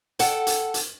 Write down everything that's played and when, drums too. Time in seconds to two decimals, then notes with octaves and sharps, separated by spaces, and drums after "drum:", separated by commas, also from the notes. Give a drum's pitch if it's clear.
0.19 A4 F#5 G5 A5, drum: hi-hat
0.47 drum: hi-hat
0.74 drum: hi-hat